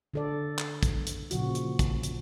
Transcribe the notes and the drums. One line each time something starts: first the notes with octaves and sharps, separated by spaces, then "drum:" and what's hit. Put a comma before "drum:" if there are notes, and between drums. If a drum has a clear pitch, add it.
D3 A4 D5
drum: clap
drum: kick, hi-hat
drum: hi-hat
A#2 C#3 F3 F#4, drum: hi-hat
drum: hi-hat
drum: kick, hi-hat
drum: hi-hat